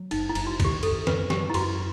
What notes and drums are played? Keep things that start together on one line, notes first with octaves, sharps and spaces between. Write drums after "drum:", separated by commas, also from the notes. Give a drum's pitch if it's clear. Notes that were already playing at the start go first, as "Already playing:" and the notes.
Already playing: F#3
F#1 D#4, drum: cymbal
E4
F#1, drum: cymbal
F#4
D#3 G4, drum: kick, cymbal
F#2 A4, drum: cymbal
F#2 B4, drum: snare
F#3 G4, drum: snare
E4
F#2 F#4, drum: cymbal